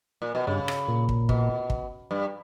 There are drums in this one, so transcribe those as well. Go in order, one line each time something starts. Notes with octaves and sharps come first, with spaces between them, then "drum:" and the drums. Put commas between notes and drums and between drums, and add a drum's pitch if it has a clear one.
A#2
B2
G2 C#3
drum: rim click
A#2
drum: kick
B2, drum: kick
drum: kick
G2